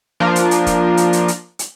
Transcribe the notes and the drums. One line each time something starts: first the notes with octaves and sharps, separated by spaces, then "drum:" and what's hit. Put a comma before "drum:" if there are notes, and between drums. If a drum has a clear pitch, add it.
F3 A#3 D4 F4 A#4
drum: hi-hat
drum: hi-hat
drum: kick, hi-hat
drum: hi-hat
drum: hi-hat
drum: hi-hat
drum: hi-hat